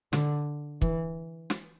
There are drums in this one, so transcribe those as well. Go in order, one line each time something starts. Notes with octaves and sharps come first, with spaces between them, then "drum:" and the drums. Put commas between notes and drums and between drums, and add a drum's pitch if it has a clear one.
D3, drum: snare
E3, drum: kick
drum: snare